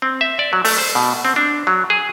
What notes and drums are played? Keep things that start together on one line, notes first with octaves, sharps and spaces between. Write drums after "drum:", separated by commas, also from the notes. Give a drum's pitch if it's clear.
C4
E5
D5
F#3
A3, drum: open hi-hat
C5
B2
C4
D4
F#3
G#4